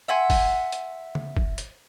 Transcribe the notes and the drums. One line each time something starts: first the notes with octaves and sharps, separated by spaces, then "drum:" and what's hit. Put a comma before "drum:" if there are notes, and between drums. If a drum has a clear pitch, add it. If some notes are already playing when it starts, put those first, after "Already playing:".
E5 F#5 G#5 C6
drum: kick, open hi-hat
drum: hi-hat
drum: tom C#3
drum: kick
drum: hi-hat